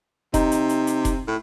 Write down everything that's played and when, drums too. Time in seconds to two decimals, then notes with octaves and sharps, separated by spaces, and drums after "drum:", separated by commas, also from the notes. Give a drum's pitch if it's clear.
0.34 C3 D#4, drum: kick F1, hi-hat
0.52 drum: hi-hat
0.69 drum: hi-hat
0.87 drum: hi-hat
1.05 drum: kick F1, hi-hat
1.28 A2